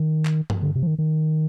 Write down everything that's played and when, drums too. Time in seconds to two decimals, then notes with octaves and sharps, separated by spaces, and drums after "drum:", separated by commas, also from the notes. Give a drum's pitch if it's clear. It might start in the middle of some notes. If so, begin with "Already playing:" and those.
Already playing: D#3
0.25 drum: clap
0.50 drum: tom G2
0.62 D3
0.75 C3
0.82 F3
0.87 D#3
0.99 D#3